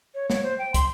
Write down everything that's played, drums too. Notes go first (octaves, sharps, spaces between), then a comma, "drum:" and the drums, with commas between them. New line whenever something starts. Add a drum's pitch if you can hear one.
C#5
C#5, drum: snare
C5
G5
C6, drum: kick, hi-hat